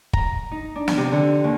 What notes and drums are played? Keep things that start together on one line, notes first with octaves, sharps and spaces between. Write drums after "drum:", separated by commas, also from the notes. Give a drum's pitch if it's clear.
A#5, drum: kick
D#4
D4
drum: snare
C3
D3
D#2